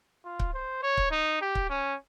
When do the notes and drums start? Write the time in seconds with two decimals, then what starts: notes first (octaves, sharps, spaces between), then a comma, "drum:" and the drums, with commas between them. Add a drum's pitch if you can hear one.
0.25 F4
0.39 drum: kick C#1
0.54 C5
0.83 C#5
0.97 drum: kick C#1
1.11 D#4
1.41 G4
1.55 drum: kick C#1
1.69 C#4